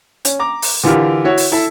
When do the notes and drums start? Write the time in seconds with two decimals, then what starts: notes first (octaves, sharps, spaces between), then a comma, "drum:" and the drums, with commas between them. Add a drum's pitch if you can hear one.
0.25 C#4, drum: hi-hat
0.39 A#5 D6
0.62 drum: open hi-hat
0.83 D3 E3 F4 G4 A#4
1.24 E4 F#4 C#5
1.37 drum: open hi-hat
1.52 E4 A4